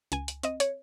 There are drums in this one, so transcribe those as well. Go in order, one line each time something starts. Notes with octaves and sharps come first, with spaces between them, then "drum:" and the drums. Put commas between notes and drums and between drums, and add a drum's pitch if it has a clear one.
C#2 G#5, drum: hi-hat
drum: hi-hat
C4 D#5, drum: hi-hat
C#5, drum: hi-hat